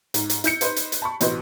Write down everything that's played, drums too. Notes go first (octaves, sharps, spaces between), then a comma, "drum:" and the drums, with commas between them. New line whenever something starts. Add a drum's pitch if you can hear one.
G#2, drum: hi-hat
drum: hi-hat
E4 G6 C#7, drum: hi-hat
D#4 B4 C5 D#5, drum: hi-hat
drum: hi-hat
drum: hi-hat
A5 B5 C#6
A1 B2 F#4 B4 C5 D#5, drum: hi-hat